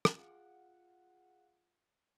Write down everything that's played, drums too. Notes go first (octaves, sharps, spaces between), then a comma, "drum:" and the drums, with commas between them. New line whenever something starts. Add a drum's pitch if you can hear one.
drum: rim click
F4 G#4 F5 F#5